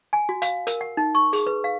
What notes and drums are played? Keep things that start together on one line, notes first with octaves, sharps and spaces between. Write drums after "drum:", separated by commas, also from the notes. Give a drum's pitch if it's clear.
G#5
F#4
F5, drum: hi-hat
A#4, drum: hi-hat
F#5
D#4
C#6
G#4, drum: open hi-hat
B4
F5